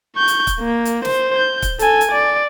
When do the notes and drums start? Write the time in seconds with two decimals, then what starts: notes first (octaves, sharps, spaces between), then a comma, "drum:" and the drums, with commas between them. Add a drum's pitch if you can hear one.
0.16 C#6 G6
0.28 drum: hi-hat
0.47 drum: kick, hi-hat
0.60 A#3
0.85 drum: hi-hat
1.05 C5, drum: snare
1.35 G6
1.62 drum: kick, hi-hat
1.79 A4 G#5, drum: hi-hat
2.01 drum: hi-hat
2.11 D5